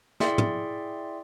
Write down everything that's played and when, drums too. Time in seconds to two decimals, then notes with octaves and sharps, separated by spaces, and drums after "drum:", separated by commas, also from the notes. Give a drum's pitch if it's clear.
0.20 E4 G#4 D5 E5 G5 C6, drum: snare
0.38 drum: tom